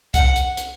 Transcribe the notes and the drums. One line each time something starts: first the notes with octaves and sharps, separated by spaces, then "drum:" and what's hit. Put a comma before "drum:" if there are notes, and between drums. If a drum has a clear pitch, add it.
F#5, drum: kick C2, hi-hat
drum: hi-hat
drum: hi-hat